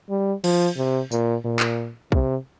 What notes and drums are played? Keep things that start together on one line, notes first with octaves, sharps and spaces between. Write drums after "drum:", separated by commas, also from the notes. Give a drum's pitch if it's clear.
G3
F3, drum: cymbal
C3
A#2, drum: tambourine
A#2
drum: clap
C3, drum: kick